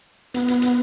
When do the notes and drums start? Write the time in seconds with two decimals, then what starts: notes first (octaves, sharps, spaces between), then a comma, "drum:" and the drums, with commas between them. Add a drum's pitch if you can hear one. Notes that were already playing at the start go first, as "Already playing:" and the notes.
0.34 B3, drum: hi-hat
0.48 drum: hi-hat
0.62 drum: hi-hat